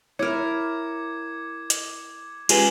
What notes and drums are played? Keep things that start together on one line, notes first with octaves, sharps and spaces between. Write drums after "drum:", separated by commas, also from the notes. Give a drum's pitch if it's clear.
E4 A#4 C#5 D6 G#6 C#7
drum: hi-hat
G#3 C#4 F4 G4 G#4 B4, drum: cymbal